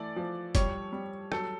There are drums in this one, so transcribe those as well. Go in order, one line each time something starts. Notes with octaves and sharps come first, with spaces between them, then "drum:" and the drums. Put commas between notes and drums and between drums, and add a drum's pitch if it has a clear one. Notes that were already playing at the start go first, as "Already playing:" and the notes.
Already playing: E3 A3 D5
F3
G3 C#5, drum: kick, hi-hat
G3
F#3 A4, drum: rim click